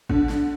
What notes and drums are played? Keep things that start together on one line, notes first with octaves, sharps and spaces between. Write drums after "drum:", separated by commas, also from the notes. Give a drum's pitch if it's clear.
D3, drum: kick G#1
drum: snare